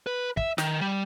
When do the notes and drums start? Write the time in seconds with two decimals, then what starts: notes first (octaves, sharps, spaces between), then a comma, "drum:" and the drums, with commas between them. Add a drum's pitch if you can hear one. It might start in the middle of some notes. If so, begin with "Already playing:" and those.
0.07 B4
0.37 E5, drum: kick
0.58 D#3, drum: snare
0.81 G3